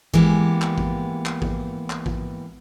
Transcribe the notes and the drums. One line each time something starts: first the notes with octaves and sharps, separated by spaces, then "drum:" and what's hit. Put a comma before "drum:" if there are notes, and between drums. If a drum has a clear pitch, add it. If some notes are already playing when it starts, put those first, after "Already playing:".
E3 G#3 A#3 B3 G4, drum: kick A1
drum: clap
drum: kick A1
drum: clap
drum: kick A1
drum: clap
drum: kick A1